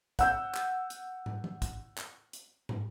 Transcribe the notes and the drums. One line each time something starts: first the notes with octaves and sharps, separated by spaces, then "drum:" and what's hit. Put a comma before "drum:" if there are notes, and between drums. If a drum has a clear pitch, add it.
F#5 E6 G6, drum: kick, hi-hat
drum: clap
drum: hi-hat
drum: tom
drum: tom D#3
drum: kick, hi-hat
drum: clap
drum: hi-hat
drum: tom